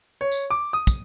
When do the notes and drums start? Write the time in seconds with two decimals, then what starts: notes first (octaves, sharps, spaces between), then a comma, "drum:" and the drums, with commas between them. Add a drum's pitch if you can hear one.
0.21 C#5
0.32 drum: tambourine
0.50 D6
0.73 D#6
0.87 drum: kick, tambourine